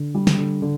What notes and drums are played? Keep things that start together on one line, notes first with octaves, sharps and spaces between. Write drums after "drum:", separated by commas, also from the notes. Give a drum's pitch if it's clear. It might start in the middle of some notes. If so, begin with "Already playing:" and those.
Already playing: D3
G3
drum: snare
D3
D3